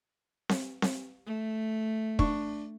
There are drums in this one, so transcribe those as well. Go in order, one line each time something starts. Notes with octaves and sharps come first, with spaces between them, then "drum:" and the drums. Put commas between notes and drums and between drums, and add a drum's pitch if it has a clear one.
drum: snare C4
drum: snare C4
A3
D4 C#6, drum: kick